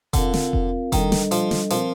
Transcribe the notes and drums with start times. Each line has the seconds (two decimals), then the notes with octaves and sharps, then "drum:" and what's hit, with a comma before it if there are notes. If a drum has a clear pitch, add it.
0.13 D3 C4 F4 A#4 F5, drum: kick F1, hi-hat
0.34 drum: snare
0.53 drum: kick F1
0.92 D#3 G3 D4 A4 D#5, drum: kick F1, hi-hat
1.12 drum: snare
1.31 F3, drum: hi-hat
1.51 drum: snare
1.70 F3 C4 F4 A#4, drum: hi-hat